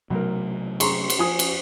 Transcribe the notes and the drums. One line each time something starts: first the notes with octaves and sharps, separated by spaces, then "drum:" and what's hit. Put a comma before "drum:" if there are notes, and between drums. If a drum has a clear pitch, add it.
B1 C3 F#3 A3 A#4
G#4 A#5 C6 C#6, drum: cymbal
drum: cymbal
F3 G#5 D#6
drum: cymbal